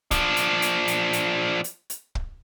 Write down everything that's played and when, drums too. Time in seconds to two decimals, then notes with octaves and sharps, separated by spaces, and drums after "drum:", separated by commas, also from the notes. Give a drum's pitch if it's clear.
0.11 F3 D4, drum: kick, hi-hat
0.37 drum: hi-hat
0.62 drum: hi-hat
0.88 drum: hi-hat
1.13 drum: hi-hat
1.64 drum: hi-hat
1.90 drum: hi-hat
2.15 drum: kick